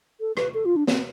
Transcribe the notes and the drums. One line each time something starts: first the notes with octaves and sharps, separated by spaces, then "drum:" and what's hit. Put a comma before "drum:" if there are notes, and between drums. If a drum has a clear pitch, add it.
A4
B4, drum: rim click
A4
F4
D4
C4, drum: snare